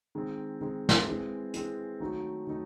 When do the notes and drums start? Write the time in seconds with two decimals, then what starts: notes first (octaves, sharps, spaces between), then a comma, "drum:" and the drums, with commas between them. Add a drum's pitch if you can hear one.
0.15 D#3 G#3 C4
0.61 D#3 G#3 C4
0.89 drum: snare
1.08 E3 G#3 C4
1.54 E3 G#3 C4, drum: hi-hat
2.00 D#3 F#3 A3 D#4 F#4
2.47 D#3 F#3 A3 D#4